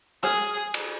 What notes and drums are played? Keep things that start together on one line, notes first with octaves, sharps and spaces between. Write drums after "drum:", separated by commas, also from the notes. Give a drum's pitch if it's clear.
G#4, drum: rim click
drum: cymbal